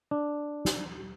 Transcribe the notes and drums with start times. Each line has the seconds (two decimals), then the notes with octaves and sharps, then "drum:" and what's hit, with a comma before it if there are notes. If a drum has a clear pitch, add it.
0.11 D4
0.65 drum: snare